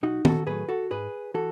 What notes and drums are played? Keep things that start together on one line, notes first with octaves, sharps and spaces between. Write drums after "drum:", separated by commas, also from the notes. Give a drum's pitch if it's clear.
B1 D#4 F#4
F#4 A4, drum: tom
A2 F#3 A3 G#4 B4
F#4 A4
G#2 G#4 B4
E3 F#4 A4